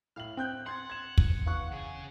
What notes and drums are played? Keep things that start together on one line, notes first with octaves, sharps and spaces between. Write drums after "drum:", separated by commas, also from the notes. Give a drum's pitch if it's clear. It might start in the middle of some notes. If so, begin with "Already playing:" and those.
A2 F5 F6 F#7
C4 G5 F#6 G6
F#5 C6 G#6 A6
G#6 E7
drum: kick
E2 F5 C#6 F#6
C#3 G#4